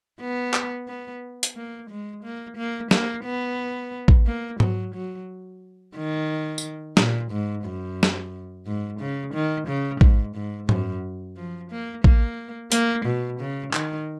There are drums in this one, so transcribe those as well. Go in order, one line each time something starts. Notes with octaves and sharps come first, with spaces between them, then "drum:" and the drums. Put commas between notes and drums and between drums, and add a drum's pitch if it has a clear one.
B3
drum: clap
B3
drum: hi-hat
A#3
G#3
A#3
A#3
A#3, drum: snare
B3
drum: kick A1
A#3
F#3, drum: tom G#2
F#3
D#3
drum: tambourine
A#2, drum: snare
G#2
F#2
drum: snare
G#2
C#3
D#3
C#3
G#2, drum: kick A1
G#2
F#2, drum: tom G#2
F3
A#3
A#3, drum: kick A1
A#3, drum: hi-hat
B2
C#3
D#3, drum: clap